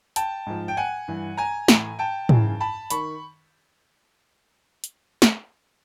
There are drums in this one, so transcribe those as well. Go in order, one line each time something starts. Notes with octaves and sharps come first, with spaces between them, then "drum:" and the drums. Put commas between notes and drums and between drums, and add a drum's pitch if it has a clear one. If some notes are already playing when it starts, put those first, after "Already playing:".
G5 A5, drum: hi-hat
G#2 F3
G5
F#5 G#5
G2 E3
G#5 A#5
A2 E3, drum: snare
G5 A5
F#2 C#3 E3, drum: tom
A5 B5
D#3 B5 C#6, drum: hi-hat
drum: hi-hat
drum: snare